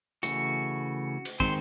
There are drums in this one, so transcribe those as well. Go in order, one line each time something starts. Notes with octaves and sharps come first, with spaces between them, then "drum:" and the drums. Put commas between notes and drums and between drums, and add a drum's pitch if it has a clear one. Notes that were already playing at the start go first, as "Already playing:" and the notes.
C#3 E3 A3 F#4, drum: hi-hat
drum: cymbal
D#3 G#3 C4 C5, drum: kick